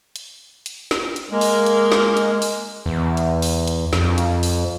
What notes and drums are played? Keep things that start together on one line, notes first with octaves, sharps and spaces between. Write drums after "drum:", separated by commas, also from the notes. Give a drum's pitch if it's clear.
drum: hi-hat
drum: hi-hat
drum: snare
drum: hi-hat
G#3 A#3
drum: open hi-hat
drum: hi-hat
drum: snare
drum: hi-hat
drum: open hi-hat
E2
drum: hi-hat
drum: open hi-hat
drum: hi-hat
F2, drum: snare
drum: hi-hat
drum: open hi-hat